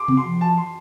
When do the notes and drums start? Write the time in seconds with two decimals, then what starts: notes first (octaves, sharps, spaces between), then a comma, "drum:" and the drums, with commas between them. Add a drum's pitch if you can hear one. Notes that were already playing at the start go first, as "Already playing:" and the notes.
Already playing: C6 D6
0.08 C4, drum: tom C3
0.17 C6
0.24 F3
0.41 A5
0.57 C6